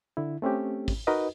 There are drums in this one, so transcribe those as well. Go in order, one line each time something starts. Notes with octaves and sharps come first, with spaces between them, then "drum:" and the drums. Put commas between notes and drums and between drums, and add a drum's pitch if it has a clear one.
D3 E4
A3 C4 C#4 G4
drum: kick G#1, open hi-hat
D#4 F#4 A#4 B4 D#5